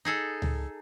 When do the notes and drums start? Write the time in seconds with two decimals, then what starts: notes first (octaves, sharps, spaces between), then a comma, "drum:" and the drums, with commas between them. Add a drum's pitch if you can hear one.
0.05 D#4 G#4 A4
0.42 drum: tom C#2